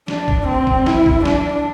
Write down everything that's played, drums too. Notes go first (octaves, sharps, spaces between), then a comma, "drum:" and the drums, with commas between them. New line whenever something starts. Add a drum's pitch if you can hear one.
D4, drum: snare
drum: kick A#1
C4
drum: kick A#1
E4, drum: snare
drum: kick A#1
D4, drum: snare